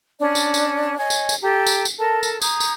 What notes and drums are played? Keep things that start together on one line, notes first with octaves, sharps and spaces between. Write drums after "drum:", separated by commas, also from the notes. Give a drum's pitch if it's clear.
C#4 D4 D5
drum: tambourine
drum: tambourine
C#5 D#5 G#5
drum: tambourine
drum: tambourine
G4 A4 G5 A#5
drum: tambourine
drum: tambourine
A4 A#4 A5
drum: tambourine
A#5 D#6 G6 G#6, drum: tambourine
drum: tambourine